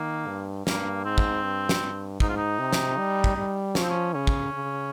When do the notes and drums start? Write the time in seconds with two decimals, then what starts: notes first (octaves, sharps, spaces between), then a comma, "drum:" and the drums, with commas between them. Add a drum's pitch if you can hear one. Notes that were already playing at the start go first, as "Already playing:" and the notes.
Already playing: D#3 A#3
0.27 G2
0.67 G2 A#3, drum: snare
1.05 G#2 C4
1.18 drum: kick
1.43 G2
1.69 drum: snare
2.20 G#2 D#4, drum: kick
2.29 F4
2.37 D#4
2.59 C3
2.73 drum: snare
2.98 G3
3.24 drum: kick
3.37 G3
3.75 F3 C#4, drum: snare
3.83 C4
3.90 C#4
4.14 C#3 C#4
4.27 drum: kick
4.53 C#3